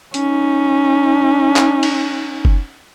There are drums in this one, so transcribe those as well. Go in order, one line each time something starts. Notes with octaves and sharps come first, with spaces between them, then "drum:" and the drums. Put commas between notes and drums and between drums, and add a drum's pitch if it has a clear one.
C#4 D#4, drum: hi-hat
drum: clap
drum: cymbal
drum: kick F#1